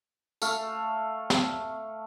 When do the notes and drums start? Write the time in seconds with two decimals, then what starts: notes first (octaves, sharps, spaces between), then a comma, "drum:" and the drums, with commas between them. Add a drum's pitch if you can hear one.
0.42 A3 F5, drum: tambourine
1.30 drum: snare